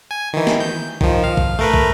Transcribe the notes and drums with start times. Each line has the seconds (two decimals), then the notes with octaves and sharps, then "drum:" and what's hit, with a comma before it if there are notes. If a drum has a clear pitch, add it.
0.11 G#5
0.33 D#3 E3
0.47 drum: snare
0.60 G6
1.01 D#3 F3, drum: kick
1.24 F5
1.37 drum: kick
1.59 A3 A#4 B4
1.74 drum: kick